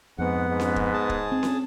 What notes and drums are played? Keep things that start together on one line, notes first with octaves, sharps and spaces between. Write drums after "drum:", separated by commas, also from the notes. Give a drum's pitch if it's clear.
F2 G#2 B3 F#5
G#2
drum: snare C#4
drum: kick
G#4 A5
drum: kick
C4
drum: snare C#4